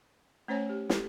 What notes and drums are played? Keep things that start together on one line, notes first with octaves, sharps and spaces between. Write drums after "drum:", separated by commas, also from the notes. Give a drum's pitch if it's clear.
A3 C#4 C5 C#5 G#5
G4
G4 A4, drum: snare